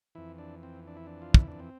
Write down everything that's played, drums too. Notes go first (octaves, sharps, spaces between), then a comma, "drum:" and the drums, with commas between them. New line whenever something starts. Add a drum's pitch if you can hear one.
F2 E3 E4
D4
C4
D4
E4
D4
F4
E4, drum: kick
D4
C4